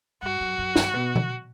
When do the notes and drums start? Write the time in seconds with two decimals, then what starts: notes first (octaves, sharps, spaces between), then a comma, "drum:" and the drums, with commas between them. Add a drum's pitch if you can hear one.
0.22 G2 F#4
0.40 F#2
0.58 F#2
0.76 G2, drum: snare
0.94 B2
1.16 drum: tom B2